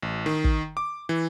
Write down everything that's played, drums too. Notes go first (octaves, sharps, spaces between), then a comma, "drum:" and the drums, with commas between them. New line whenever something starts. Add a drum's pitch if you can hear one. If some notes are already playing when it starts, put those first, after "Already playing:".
A1
D#3
drum: kick
D6
E3